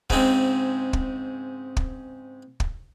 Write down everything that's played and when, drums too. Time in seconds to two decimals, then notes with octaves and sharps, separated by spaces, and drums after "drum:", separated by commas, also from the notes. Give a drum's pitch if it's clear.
0.10 G#2 C#3 G#3 C4, drum: kick
0.93 drum: kick
1.77 drum: kick
2.60 drum: kick